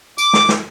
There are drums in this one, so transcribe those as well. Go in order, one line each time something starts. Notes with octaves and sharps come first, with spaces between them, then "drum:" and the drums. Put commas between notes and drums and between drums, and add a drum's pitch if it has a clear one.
D6, drum: tambourine
drum: snare
drum: snare